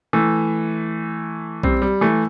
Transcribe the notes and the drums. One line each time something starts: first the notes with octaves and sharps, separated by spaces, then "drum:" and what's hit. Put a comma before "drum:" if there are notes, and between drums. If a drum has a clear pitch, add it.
E3 A3
G3 C4, drum: kick B1
G3
E3 A3